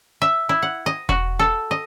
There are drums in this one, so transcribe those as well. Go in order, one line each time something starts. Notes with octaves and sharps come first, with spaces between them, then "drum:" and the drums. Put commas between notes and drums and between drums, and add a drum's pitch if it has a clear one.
E5
E4
F#5
D#5
F#4, drum: kick E1
A4
D#5